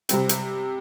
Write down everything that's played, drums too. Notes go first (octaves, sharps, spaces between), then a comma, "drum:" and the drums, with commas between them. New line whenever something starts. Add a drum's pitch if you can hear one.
C3 G3 C4, drum: hi-hat
drum: hi-hat